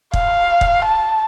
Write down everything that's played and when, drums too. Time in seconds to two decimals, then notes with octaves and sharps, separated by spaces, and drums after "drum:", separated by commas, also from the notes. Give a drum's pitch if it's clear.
0.13 F5, drum: kick
0.61 drum: kick
0.85 A5